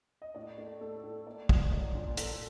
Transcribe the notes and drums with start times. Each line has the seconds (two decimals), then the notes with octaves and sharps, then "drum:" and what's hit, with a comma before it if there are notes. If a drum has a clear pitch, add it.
0.22 D#5
0.35 A2 D5
0.58 A3
0.81 A3 A4
1.03 A2
1.26 A#3 D5
1.49 A#2, drum: kick
1.72 F#3 D5
1.95 A#2
2.17 A#3 A4, drum: hi-hat